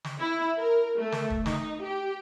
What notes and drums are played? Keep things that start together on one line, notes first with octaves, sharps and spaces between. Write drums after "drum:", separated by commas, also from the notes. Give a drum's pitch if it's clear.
drum: snare
E4
A#4
A3
drum: snare
drum: kick
D#4, drum: snare
G4